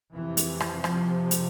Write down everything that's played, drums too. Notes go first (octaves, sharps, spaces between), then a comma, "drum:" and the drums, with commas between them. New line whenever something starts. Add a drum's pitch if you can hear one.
F2 C3 E3
drum: hi-hat
drum: rim click
F3, drum: rim click
drum: hi-hat